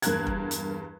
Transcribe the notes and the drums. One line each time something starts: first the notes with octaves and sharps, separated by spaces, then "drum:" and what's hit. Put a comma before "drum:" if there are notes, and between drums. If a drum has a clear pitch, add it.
E2 G2 A#3 A#4 F#6 G#6, drum: hi-hat
drum: kick
drum: hi-hat